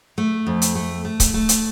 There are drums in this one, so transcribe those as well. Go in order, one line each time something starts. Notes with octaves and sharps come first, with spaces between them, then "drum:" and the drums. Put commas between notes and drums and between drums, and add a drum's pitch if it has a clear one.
A3
F2
drum: hi-hat
A3
A3
drum: kick C#1, hi-hat
A3
drum: hi-hat